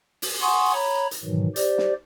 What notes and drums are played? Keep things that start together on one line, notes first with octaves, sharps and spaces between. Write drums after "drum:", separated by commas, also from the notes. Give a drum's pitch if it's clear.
drum: open hi-hat
F#5 G#5 C6 C#6 D#6
C#5 A#5 B5
drum: hi-hat
G#2 B2 D#3 E3 F#3
G4 C5 D5, drum: hi-hat
drum: snare